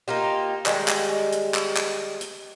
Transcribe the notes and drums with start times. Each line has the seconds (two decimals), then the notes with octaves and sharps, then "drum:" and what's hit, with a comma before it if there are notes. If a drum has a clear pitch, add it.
0.08 A#3 D#4 F4 G4
0.66 D#3 G3 G#3, drum: clap
0.88 drum: clap
1.32 drum: hi-hat
1.54 drum: clap
1.77 drum: clap
2.21 drum: hi-hat